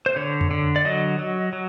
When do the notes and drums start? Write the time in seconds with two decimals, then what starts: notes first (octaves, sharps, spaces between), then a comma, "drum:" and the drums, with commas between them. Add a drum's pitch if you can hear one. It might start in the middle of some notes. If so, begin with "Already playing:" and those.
0.06 C5
0.16 D3 C#5
0.41 drum: tom F2
0.51 D3
0.76 D5
0.85 F#3 D#5
1.19 F#3
1.53 F#3